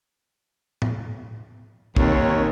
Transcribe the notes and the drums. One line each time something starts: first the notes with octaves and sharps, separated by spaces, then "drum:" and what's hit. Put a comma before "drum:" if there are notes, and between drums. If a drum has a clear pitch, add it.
drum: tom A2
D#2 D#3 C4 C#5, drum: kick